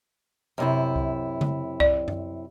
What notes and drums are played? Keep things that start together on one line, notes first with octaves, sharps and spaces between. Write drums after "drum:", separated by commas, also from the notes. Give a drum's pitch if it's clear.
F#2 C3 E4
drum: kick C2
drum: tom C#3
D5, drum: kick C2
drum: tom F#2